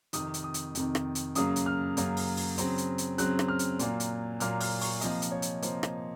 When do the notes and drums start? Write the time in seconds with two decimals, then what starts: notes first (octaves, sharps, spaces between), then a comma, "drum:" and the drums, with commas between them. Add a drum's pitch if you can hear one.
0.13 F2 C3 D#3 D#6, drum: hi-hat
0.34 drum: hi-hat
0.44 D#6
0.54 drum: hi-hat
0.75 F2 C3 D#3, drum: hi-hat
0.95 drum: rim click
1.15 drum: hi-hat
1.35 F#2 C#3 F#3 A#3 D#6, drum: hi-hat
1.56 drum: hi-hat
1.66 F6
1.97 F#2 C#3 F#3 A#3, drum: hi-hat
2.17 drum: open hi-hat
2.37 drum: open hi-hat
2.58 C#3 F#3 C4, drum: hi-hat
2.78 drum: hi-hat
2.98 drum: hi-hat
3.18 C#3 F#3 C4 F#6, drum: hi-hat
3.39 drum: rim click
3.48 F6
3.59 drum: hi-hat
3.79 A#2 F#3 A#3, drum: hi-hat
4.00 drum: hi-hat
4.40 A#2 F#3 A#3 F6, drum: hi-hat
4.61 F6, drum: open hi-hat
4.81 C#6, drum: open hi-hat
5.01 C3 F3 A#3 D#5, drum: hi-hat
5.22 drum: hi-hat
5.32 C#5
5.42 drum: hi-hat
5.62 C3 F3 A#3 C5, drum: hi-hat
5.83 drum: rim click